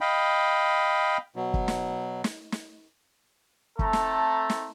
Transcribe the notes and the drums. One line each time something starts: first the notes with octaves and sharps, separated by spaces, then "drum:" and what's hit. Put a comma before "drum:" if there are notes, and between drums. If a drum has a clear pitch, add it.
D#5 F5 G5 B5
B2 F#3
drum: kick
drum: snare
drum: snare
drum: snare
A3 C4 A4 A#5, drum: kick
drum: snare
drum: snare